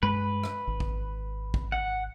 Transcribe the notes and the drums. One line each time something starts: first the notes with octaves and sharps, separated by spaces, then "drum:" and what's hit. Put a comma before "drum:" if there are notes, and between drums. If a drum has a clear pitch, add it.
G2 G#3 B4
drum: rim click
G#1
drum: kick
drum: kick
F#5